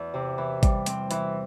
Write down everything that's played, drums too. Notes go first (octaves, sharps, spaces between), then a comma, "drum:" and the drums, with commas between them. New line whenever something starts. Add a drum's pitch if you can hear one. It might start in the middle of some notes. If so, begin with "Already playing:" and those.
Already playing: E2
C3
E3
G3, drum: kick G#1, hi-hat
C4, drum: hi-hat
E3, drum: hi-hat